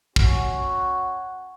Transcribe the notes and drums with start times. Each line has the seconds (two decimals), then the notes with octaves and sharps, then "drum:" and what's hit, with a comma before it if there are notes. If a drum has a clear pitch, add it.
0.16 C#4 F#4 C#5 F#5, drum: kick